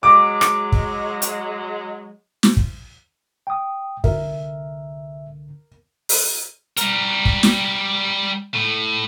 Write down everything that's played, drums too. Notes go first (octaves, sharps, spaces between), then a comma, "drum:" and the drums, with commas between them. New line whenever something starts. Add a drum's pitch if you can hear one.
F#3 G#3 D6
drum: rim click
drum: kick
drum: hi-hat
drum: snare
drum: kick
G5 D#6
C2 D3 A#4 E5, drum: kick
drum: open hi-hat
G3 A#4, drum: hi-hat
drum: kick
drum: snare
A2